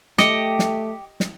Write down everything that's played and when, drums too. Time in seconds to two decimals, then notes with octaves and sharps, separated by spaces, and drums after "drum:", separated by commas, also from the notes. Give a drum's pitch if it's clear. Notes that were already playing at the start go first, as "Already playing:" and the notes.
0.18 A3 G4 D#5 C#7, drum: snare
0.59 drum: snare
1.20 drum: snare